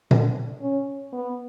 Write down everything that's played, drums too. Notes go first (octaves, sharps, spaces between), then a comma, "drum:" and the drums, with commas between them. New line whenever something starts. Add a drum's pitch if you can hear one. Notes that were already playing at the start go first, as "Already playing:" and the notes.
D3, drum: tom A#2
C#4
B3